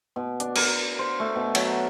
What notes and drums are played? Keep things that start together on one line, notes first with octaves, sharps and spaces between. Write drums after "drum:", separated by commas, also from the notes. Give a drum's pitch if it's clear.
B2
D4, drum: hi-hat
A#4, drum: cymbal
C5
A3
B2
F#3, drum: cymbal